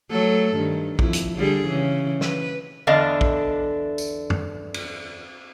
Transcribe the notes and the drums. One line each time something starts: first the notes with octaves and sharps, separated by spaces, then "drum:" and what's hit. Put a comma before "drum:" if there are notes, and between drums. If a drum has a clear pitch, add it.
F#3 A3 A4
G2 D#3
F2 E4, drum: kick
drum: hi-hat
D3 G3 G#4
C#3 E3
B4, drum: snare
E2 D3 D4 D#5 F5
drum: kick
drum: tambourine
drum: tom
drum: cymbal